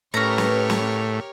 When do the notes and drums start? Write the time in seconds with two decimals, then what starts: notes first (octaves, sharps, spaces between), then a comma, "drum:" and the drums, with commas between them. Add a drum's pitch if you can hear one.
0.14 A2 C#4 G4 A#4 B4 C#5 A#5
0.38 drum: snare
0.70 drum: snare